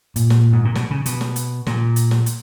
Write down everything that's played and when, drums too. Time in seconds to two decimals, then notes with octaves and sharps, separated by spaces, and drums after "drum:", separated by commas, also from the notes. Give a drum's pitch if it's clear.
0.16 A#2, drum: hi-hat
0.30 drum: snare
0.53 G#2
0.65 A#2
0.75 B2, drum: snare
0.91 C#3
1.06 B2, drum: hi-hat
1.21 drum: snare
1.36 drum: hi-hat
1.67 A#2, drum: snare
1.96 drum: hi-hat
2.11 drum: snare
2.26 drum: hi-hat